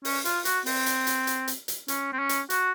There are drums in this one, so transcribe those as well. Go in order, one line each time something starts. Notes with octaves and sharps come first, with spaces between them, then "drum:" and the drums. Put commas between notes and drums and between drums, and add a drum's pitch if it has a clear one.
C#4, drum: open hi-hat
F4, drum: hi-hat
F#4, drum: hi-hat
C4, drum: open hi-hat
drum: hi-hat
drum: hi-hat
drum: hi-hat
drum: hi-hat
drum: hi-hat
C#4, drum: hi-hat
C4
C#4
drum: hi-hat
F#4, drum: hi-hat